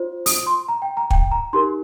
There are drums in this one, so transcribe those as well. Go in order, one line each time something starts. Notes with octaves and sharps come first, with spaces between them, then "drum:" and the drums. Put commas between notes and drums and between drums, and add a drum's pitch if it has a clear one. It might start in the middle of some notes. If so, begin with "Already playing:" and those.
Already playing: F4 C5
D#6, drum: open hi-hat
C6
A#5
G5
A#5
G5, drum: kick
A#5
D#4 G4 A#4 C6